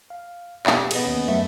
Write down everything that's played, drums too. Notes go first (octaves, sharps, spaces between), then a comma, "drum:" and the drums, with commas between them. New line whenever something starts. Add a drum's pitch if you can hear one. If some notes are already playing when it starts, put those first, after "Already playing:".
F5
B2 F3 G4, drum: clap
B3 G#4 D#5, drum: cymbal
D#2 C#4
F#2 F#3 A3 E5